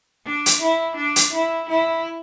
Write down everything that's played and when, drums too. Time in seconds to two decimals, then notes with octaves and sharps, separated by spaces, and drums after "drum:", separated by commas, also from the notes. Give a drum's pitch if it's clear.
0.25 D4
0.46 drum: hi-hat
0.61 E4
0.96 D4
1.16 drum: hi-hat
1.33 E4
1.69 E4